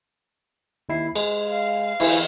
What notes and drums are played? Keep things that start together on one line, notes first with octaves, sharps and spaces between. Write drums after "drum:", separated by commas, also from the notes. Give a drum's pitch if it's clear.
D#2 E4 C7
G#3, drum: cymbal
F5
E3 E4, drum: cymbal